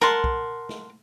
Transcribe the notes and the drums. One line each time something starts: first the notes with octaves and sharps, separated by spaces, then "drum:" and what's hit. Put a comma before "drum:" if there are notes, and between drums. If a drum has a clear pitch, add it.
A#4 F#5 A5 C6, drum: snare
drum: kick
drum: snare